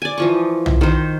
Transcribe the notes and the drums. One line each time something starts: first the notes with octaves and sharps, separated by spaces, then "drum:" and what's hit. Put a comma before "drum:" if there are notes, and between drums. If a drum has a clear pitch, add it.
D5 G#5
E3 F3 C#6
drum: tom
D#3 C5